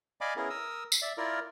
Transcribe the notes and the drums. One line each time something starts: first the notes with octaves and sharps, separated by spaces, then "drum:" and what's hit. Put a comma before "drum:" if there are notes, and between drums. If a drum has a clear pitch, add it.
D5 D#5 F5 G#5 B5 D6
B3 C#4 E4 G#4 A#4
A#4 D#6 E6
drum: tambourine
D5 E5
E4 F4 A#4 D5